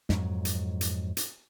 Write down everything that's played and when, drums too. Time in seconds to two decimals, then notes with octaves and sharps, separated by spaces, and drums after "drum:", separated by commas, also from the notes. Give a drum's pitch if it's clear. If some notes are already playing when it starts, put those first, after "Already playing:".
0.09 F2 G#2 F#3, drum: snare
0.45 drum: hi-hat
0.81 drum: hi-hat
1.17 drum: hi-hat